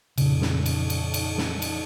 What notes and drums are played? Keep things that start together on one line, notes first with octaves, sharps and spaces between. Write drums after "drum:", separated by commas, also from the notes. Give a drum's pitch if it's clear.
F2 A#2 C#3, drum: cymbal
drum: snare
drum: cymbal
drum: cymbal
drum: cymbal
drum: snare
drum: cymbal